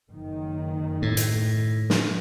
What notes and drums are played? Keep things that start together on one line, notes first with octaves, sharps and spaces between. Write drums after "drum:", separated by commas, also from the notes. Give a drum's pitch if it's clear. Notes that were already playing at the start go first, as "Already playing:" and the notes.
F#1 D#3
A2
drum: hi-hat
drum: snare